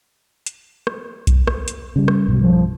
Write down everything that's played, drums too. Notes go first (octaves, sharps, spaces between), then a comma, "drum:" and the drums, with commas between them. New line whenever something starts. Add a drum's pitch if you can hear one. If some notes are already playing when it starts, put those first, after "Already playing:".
drum: hi-hat
drum: rim click
drum: kick B1, hi-hat
drum: rim click
drum: hi-hat
C#3 G3
drum: rim click
B1 G2 B2
F3